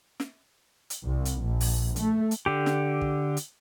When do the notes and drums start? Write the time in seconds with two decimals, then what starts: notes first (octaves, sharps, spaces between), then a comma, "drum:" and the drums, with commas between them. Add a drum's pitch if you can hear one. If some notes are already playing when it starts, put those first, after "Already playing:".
0.20 drum: snare
0.90 drum: hi-hat
1.06 C2
1.25 drum: hi-hat
1.43 A#1
1.61 drum: open hi-hat
1.96 A3, drum: hi-hat
2.31 drum: hi-hat
2.46 D3 G4
2.66 drum: snare
3.01 drum: kick
3.37 drum: hi-hat